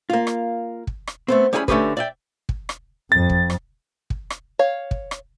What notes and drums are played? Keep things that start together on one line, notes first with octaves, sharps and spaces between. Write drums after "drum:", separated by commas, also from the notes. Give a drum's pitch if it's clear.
A#3 F4
drum: rim click
drum: kick
drum: rim click
A3 B3 C4
G3 C#4 E4 G#4 G#5 B5
D3 A3 C#4 G4 G#4 B4, drum: kick
D5 E5 G5
drum: kick
drum: rim click
F2 A6
drum: kick
drum: rim click
drum: kick
drum: rim click
C#5 F5
drum: kick
drum: rim click